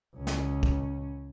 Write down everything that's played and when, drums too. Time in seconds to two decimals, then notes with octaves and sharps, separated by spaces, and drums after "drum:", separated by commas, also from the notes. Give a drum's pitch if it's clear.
0.16 C#2 C#4
0.27 drum: snare
0.63 drum: kick